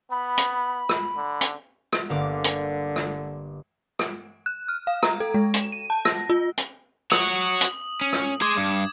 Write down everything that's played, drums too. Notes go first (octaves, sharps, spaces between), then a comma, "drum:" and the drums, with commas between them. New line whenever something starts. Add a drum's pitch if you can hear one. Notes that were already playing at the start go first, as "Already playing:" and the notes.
B3 B5
drum: hi-hat
drum: rim click
D3
drum: hi-hat
drum: rim click
G1 D3 A#3 D6
drum: hi-hat
drum: rim click
drum: rim click
F#6
F6
F5
A#5, drum: rim click
A4
G#3
E7, drum: hi-hat
D#7
A5
A#6, drum: rim click
F4
drum: hi-hat
F#4 C#5 D#6 F#7, drum: rim click
drum: hi-hat
C#4
drum: rim click
G#4 C6 D6 G#6
G2